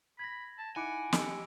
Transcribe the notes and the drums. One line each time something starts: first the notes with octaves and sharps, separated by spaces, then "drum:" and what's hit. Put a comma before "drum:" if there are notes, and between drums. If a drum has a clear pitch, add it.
B5 G#6 A#6
A5
D#4 E4 F#5 G#5 B5 D6 D7
G4 D#5 E6, drum: snare